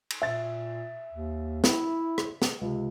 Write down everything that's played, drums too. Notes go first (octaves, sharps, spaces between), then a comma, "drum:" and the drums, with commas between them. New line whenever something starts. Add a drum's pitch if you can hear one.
drum: cymbal
A#2 E5 A6
D#2
E4, drum: snare
drum: rim click
drum: snare
C#2 C3